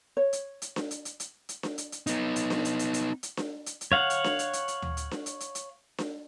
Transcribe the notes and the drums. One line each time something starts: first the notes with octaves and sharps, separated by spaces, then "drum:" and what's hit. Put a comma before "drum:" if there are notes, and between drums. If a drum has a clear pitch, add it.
C#5
drum: hi-hat
drum: hi-hat
drum: snare D4
drum: hi-hat
drum: hi-hat
drum: hi-hat
drum: hi-hat
drum: snare D4
drum: hi-hat
drum: hi-hat
B3 D#4, drum: hi-hat
drum: hi-hat
drum: snare D4
drum: hi-hat
drum: hi-hat
drum: hi-hat
drum: hi-hat
drum: snare D4
drum: hi-hat
drum: hi-hat
C#5 F5 F#5
drum: hi-hat
drum: snare D4
drum: hi-hat
drum: hi-hat
drum: hi-hat
drum: tom D2
drum: hi-hat
drum: snare D4
drum: hi-hat
drum: hi-hat
drum: hi-hat
drum: snare D4